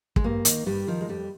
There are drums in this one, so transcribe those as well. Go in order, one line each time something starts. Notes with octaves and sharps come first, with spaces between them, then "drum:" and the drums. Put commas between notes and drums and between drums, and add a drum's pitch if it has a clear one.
G#3, drum: kick
G2 A#3
D#3, drum: hi-hat
G2 G3
D#3 F3
G#3
F2 G3